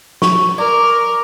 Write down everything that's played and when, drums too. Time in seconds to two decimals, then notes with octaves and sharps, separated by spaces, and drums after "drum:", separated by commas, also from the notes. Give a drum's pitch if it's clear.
0.22 C#6, drum: snare
0.58 A#4 D5 D6